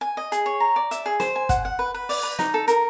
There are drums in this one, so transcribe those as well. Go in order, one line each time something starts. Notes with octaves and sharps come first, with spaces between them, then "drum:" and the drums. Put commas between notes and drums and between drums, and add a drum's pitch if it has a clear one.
G#5
D#5
G#4, drum: hi-hat
C#5
A#5
D5
E5, drum: hi-hat
G#4
C5, drum: snare
G#5
F#5, drum: kick, hi-hat
F#5
B4
B4
D5, drum: open hi-hat
B4
D#4, drum: snare
A4
A#4, drum: hi-hat